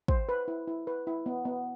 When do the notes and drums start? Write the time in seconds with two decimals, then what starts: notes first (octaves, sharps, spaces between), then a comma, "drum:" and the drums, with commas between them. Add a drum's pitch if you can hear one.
0.08 C5, drum: kick
0.29 B4
0.48 E4
0.68 E4
0.87 B4
1.07 E4
1.26 B3
1.45 B3